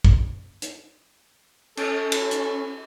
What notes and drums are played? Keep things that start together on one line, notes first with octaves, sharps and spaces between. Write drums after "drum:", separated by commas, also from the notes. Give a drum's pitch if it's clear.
drum: kick
drum: hi-hat
C#4 A4, drum: cymbal
drum: cymbal
drum: hi-hat